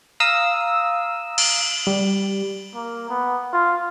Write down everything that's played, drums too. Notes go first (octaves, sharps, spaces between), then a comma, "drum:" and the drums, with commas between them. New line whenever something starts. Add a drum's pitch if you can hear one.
F5 A#5 D#6 E6
drum: cymbal
G3
A#3
B3
F4